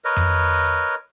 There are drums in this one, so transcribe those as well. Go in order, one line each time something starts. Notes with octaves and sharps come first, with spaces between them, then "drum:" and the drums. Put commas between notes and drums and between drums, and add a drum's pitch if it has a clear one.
A#4 B4 C#5 D#5
drum: tom F2